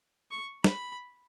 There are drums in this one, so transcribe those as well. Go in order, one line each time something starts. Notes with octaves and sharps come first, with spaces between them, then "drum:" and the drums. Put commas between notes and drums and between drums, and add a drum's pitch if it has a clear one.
C#6
B5, drum: snare